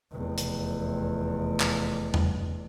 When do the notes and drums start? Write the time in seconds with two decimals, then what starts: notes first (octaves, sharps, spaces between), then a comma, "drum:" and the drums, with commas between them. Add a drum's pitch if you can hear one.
0.12 F1 E2
0.38 drum: hi-hat
1.60 drum: clap
2.14 drum: tom E2